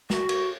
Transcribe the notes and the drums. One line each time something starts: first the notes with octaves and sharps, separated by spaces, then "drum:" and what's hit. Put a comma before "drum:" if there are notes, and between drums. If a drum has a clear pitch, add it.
F#4, drum: snare
drum: cymbal